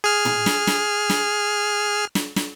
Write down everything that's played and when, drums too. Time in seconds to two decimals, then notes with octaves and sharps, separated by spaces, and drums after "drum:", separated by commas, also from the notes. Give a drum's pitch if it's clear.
0.04 G#4 F6
0.25 drum: tom
0.46 drum: snare
0.67 drum: snare
1.10 drum: snare
2.15 drum: snare
2.36 drum: snare